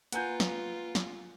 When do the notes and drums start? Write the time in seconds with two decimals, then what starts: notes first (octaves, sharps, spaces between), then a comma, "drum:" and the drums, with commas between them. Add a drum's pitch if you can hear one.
0.12 A#3 F4 B4 F#5 G#5 A#5 G6, drum: hi-hat
0.40 drum: snare
0.95 drum: snare